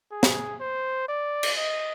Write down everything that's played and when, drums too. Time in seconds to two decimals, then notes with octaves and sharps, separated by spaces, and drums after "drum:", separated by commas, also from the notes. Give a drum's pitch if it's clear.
0.12 G#4
0.23 drum: snare
0.61 C5
1.08 D5
1.43 drum: cymbal
1.58 D#5